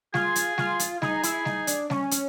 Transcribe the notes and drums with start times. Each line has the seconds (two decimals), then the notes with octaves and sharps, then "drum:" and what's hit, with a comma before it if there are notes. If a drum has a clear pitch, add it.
0.14 F4 G#4, drum: snare
0.36 drum: hi-hat
0.58 F4, drum: snare
0.79 drum: hi-hat
1.02 D#4 G#4, drum: snare
1.23 E4, drum: hi-hat
1.45 D#4, drum: snare
1.67 D4, drum: hi-hat
1.90 C#4, drum: snare
2.11 drum: hi-hat